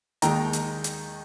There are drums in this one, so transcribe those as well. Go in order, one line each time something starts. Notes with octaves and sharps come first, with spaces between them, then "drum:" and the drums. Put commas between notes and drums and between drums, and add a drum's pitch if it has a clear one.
D#2 D#3 G#3 D#4 G5 A#5, drum: hi-hat
drum: hi-hat
drum: hi-hat